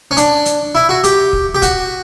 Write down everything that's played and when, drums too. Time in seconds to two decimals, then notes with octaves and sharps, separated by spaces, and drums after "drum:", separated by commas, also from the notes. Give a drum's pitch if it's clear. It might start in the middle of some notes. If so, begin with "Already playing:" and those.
0.11 C#4
0.17 D4, drum: hi-hat
0.45 drum: hi-hat
0.75 E4
0.89 F#4
1.04 G4, drum: hi-hat
1.33 drum: kick
1.55 G4
1.62 F#4, drum: kick, hi-hat